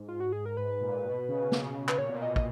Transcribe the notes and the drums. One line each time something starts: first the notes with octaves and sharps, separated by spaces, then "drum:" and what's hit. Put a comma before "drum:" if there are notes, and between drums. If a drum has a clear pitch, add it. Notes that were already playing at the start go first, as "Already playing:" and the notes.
Already playing: G#2
F4
F#4
G#4
A#4
G#2 B4
G#2
A#2
B2
C#3
C#3, drum: snare
B4, drum: clap
A#2 C#5
B2
A#2
D#5
B2
D#5, drum: kick